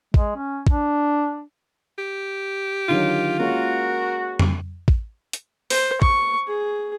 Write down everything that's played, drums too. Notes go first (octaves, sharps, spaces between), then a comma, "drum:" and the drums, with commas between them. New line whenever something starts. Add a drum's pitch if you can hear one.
G#3, drum: kick
C#4
D4, drum: kick
G4
D3 D#3 F#3 F4
G#3 A#3 C#4 F#4 A#4
drum: tom F2
drum: kick
drum: hi-hat
C5, drum: open hi-hat
C#6, drum: kick
G#4